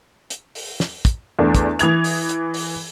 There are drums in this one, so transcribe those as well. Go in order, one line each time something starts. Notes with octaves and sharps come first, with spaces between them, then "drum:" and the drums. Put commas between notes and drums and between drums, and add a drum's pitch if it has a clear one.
drum: hi-hat
drum: open hi-hat
drum: snare
drum: kick, hi-hat
E2 A3 D4
drum: kick, hi-hat
E3 D#6 G#6 F7, drum: hi-hat
drum: open hi-hat
drum: hi-hat
drum: open hi-hat